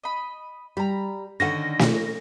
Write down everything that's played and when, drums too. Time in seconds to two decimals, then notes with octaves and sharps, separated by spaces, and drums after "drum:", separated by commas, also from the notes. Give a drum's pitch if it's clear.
0.04 D#5 B5
0.77 G3 A#5 B5
1.40 D3 D#3 C#4 F#5 A#6
1.79 drum: snare